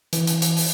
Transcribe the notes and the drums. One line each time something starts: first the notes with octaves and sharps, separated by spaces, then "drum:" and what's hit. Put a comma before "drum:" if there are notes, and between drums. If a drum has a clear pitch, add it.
E3, drum: hi-hat
drum: hi-hat
drum: hi-hat
drum: open hi-hat